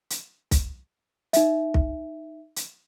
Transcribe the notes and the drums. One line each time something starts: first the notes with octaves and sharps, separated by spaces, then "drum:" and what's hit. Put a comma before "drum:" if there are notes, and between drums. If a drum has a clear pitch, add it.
drum: hi-hat
drum: kick, hi-hat
D#4 E5, drum: hi-hat
drum: kick
drum: hi-hat